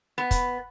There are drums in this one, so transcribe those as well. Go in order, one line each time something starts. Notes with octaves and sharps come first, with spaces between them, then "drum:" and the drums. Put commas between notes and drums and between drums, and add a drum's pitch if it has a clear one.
B3
drum: kick, hi-hat